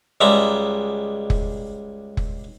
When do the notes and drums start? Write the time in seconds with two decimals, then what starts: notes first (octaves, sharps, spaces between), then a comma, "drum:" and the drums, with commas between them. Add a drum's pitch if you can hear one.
0.21 C#2 G3 G#3 E5 A#5
1.30 drum: kick F1
2.17 drum: kick F1